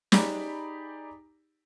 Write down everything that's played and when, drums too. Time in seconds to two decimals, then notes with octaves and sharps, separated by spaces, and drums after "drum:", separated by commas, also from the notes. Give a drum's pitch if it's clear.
0.12 D#4 G4 G#4 D5 A#5 B5, drum: snare